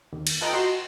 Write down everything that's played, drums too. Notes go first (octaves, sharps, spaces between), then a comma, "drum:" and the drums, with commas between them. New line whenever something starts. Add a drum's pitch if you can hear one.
D#2
drum: cymbal
F4 A4 B4 D#5 G5 A#5
F#4 D#5 C6 E7